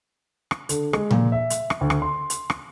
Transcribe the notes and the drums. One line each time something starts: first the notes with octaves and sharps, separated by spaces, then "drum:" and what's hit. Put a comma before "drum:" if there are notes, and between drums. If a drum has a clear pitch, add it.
drum: rim click
D3, drum: hi-hat
G#3, drum: rim click
A#2, drum: tom
E5
drum: hi-hat
drum: rim click
D2
drum: rim click
C6
drum: hi-hat
drum: rim click